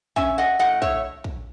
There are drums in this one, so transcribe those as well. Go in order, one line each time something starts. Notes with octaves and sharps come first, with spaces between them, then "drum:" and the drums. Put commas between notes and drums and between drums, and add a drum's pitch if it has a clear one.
C#4 E5 G#5, drum: kick
D#5 F#5
A2 D#5 F#5
C#5 E5, drum: kick
drum: kick